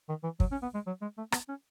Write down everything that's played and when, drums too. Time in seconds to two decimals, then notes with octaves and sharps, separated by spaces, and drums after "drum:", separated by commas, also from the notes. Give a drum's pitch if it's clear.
0.09 D#3
0.24 E3
0.40 F#3, drum: kick
0.52 C#4
0.62 B3
0.74 G#3
0.87 F#3
1.02 G#3
1.18 A3
1.32 B3, drum: rim click
1.49 C#4